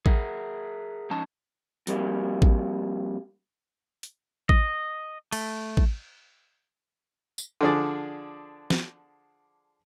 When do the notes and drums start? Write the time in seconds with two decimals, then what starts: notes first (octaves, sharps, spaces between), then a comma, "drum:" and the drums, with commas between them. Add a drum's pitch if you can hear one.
0.06 G#4 A#4 E5 F#5, drum: kick A1
1.10 G#2 F3 C#4 D#4 A5
1.87 F2 G3 A3 A#3, drum: hi-hat
2.42 drum: kick A1
4.03 drum: hi-hat
4.49 D#5, drum: kick A1
5.33 A3, drum: cymbal
5.77 drum: kick A1
7.38 drum: tambourine
7.61 D3 F3 D4 G#4 D5
8.70 drum: snare